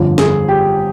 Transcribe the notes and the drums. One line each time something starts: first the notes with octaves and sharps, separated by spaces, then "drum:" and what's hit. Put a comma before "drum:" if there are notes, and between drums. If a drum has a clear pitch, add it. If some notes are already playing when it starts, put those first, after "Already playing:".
Already playing: G1 F2 D3 F3
G#4, drum: snare
G4